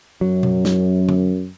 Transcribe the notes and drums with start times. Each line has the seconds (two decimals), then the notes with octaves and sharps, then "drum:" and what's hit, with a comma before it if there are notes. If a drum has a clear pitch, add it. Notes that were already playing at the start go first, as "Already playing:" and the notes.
0.21 F#2 F#3
0.43 drum: tom B2
0.65 drum: snare
1.09 drum: tom D3